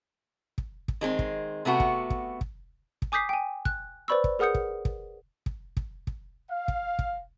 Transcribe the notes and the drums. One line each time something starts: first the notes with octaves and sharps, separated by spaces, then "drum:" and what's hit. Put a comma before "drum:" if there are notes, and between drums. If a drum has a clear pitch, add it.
drum: kick
drum: kick
D#3 G#3 C4
drum: kick
C3 A3 B3 F#4
drum: kick
drum: kick
drum: kick
drum: kick
G#5 D6 D#6 G6 B6 C7
G5 G#5
F#6, drum: kick
B4 C5 D5 B5 C#6 E6
drum: kick
G#4 A#4 F#5 D#6 G6 C#7
drum: kick
drum: kick
drum: kick
drum: kick
drum: kick
F5
drum: kick
drum: kick